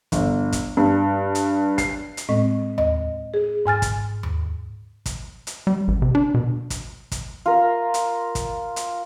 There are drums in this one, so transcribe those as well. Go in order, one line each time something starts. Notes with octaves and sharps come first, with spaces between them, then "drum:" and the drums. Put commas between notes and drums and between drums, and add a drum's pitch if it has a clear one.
G1, drum: kick, hi-hat
drum: kick, hi-hat
G2
drum: hi-hat
C7, drum: kick, hi-hat
drum: hi-hat
A2 G#3 C4 D#5
D#5, drum: tom D#2
G#4
G#2 G#5 F6 A6
drum: kick, hi-hat
drum: tom D#2
drum: kick, hi-hat
drum: hi-hat
G3
A1
C3
D4
B2
drum: kick, hi-hat
drum: kick, hi-hat
F4 A#4
drum: hi-hat
drum: kick, hi-hat
drum: hi-hat